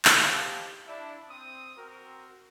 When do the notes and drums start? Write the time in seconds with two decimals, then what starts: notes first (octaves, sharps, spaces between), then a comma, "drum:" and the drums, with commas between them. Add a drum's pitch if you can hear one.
0.05 drum: clap
0.15 D#4 G4 C5 F5 A5
0.87 D4 E4
1.28 C4 D#6
1.77 C4 F#4 A#4